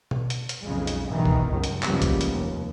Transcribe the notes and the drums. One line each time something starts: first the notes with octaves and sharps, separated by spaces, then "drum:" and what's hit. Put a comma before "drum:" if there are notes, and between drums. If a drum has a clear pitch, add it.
drum: tom B2
drum: hi-hat
drum: hi-hat
B1 F2 C#3 G#3
drum: hi-hat
G2 B2 D#3 E3
drum: kick
G1 C#2 F#2 D#3
drum: hi-hat
C#3 F3 G3 G#3 A#3 B3, drum: clap
drum: kick, hi-hat
drum: hi-hat
F1 D#2